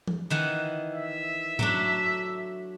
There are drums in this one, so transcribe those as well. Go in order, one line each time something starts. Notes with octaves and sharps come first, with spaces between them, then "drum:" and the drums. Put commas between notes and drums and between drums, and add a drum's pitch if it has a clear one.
drum: tom E3
D#3 E3 F#5
E5
F#3 A3 D4, drum: tom G#2